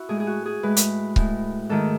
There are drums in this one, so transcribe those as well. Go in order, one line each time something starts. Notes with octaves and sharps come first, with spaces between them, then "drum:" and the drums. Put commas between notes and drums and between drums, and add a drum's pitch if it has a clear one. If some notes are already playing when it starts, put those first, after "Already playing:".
Already playing: E4 F#4
A2 G#3 G#4
G#4
F#4
G#4
A2 G#3 B4
drum: hi-hat
A2 G#3, drum: kick C#1
G#2 D#3 A3 A4